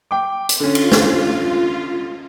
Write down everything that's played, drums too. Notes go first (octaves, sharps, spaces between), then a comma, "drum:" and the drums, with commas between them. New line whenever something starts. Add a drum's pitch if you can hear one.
G5 D6
drum: hi-hat
D3 C#4 F4
drum: cymbal
drum: snare